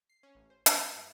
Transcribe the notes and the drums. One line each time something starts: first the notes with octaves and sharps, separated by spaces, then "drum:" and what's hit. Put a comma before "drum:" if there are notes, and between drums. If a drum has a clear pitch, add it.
C7
C#4
A1
C5
G3, drum: hi-hat
C7
G2